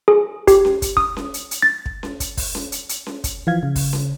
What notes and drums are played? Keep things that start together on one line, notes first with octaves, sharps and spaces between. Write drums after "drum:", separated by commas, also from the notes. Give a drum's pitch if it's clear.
G#4
G4, drum: kick, hi-hat
drum: snare C#4
drum: kick, hi-hat
D#6, drum: kick
drum: snare C#4
drum: hi-hat
drum: hi-hat
A6
drum: kick
drum: snare C#4
drum: kick, hi-hat
drum: kick, open hi-hat
drum: snare C#4
drum: hi-hat
drum: hi-hat
drum: snare C#4
drum: kick, hi-hat
E3 F3 F5 G#6
C#3
drum: kick, open hi-hat
drum: snare C#4